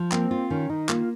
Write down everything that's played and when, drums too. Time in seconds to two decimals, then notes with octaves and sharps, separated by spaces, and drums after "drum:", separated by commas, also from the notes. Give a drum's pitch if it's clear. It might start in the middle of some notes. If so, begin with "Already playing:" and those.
Already playing: F3
0.12 A#3 C4, drum: clap
0.31 F4
0.50 D#3 C#4
0.70 D#3 D#4
0.89 A#3 F4, drum: clap